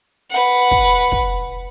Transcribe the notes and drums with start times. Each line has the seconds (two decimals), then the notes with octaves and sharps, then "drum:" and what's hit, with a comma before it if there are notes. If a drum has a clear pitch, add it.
0.31 B4 F#5
0.71 drum: kick
1.12 drum: kick